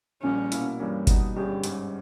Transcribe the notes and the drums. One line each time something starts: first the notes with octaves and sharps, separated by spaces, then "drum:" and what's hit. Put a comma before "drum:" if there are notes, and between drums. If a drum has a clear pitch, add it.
A#1 A#2 G3 C#4
B2 A#3 E4, drum: hi-hat
G2 E3 G3 A#3 C#4
B2 G3 B3 D#4, drum: kick G1, hi-hat
G1 G2 G3 C#4 G4 G#4
G#2 G3 C#4, drum: hi-hat